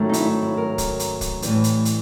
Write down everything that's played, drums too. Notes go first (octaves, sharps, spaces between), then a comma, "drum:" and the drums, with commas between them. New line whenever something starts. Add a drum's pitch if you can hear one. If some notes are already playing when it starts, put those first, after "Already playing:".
Already playing: G#2 D#3 F#3 A3 C#4
D#4
E4, drum: hi-hat
E4
A#4
drum: kick, hi-hat
drum: hi-hat
drum: kick, hi-hat
A2 E3 G3 B4, drum: hi-hat
drum: hi-hat
drum: hi-hat